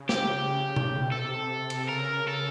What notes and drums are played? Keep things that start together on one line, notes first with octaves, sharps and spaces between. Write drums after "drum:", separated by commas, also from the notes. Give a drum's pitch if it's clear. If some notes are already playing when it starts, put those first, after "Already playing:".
Already playing: C#3
G4, drum: snare
drum: tom B2
B2
C3 A4
drum: cymbal
C#3 A#4
A4